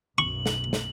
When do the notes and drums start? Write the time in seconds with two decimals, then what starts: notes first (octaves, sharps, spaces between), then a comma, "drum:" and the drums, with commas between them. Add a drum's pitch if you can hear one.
0.18 B1 F#2 B2 C#6 F#7
0.46 drum: snare
0.73 drum: snare